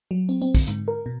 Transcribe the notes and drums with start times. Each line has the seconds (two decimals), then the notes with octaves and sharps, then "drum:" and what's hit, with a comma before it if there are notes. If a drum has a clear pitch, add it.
0.11 F#3
0.29 C4
0.42 C4
0.55 D3, drum: kick, open hi-hat
0.67 G#2, drum: hi-hat
0.88 A#4
1.06 B2